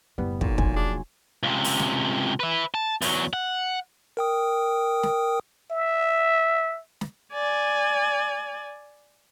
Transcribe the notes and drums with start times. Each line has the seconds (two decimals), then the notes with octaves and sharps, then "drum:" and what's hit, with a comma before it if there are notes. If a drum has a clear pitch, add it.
0.18 F#1 A2 G3 B3
0.41 B1 A#2, drum: kick
0.58 F3 A#3 G#5, drum: kick
0.76 D4 F4 G#4
1.43 C#2 C3
1.64 drum: open hi-hat
1.79 drum: snare
2.40 B4 E5
2.74 A5
3.02 E2 F#3, drum: open hi-hat
3.33 F#5
4.17 A#4 G5 D#6
5.03 drum: snare
5.71 E5
7.01 drum: snare
7.33 D5 G#5